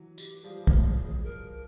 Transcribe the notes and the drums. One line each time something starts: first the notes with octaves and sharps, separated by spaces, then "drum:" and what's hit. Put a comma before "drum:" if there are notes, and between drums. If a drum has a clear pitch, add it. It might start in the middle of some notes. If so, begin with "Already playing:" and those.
Already playing: E3 F#3
G4, drum: tambourine
F3 G3 G#4
drum: kick
A#4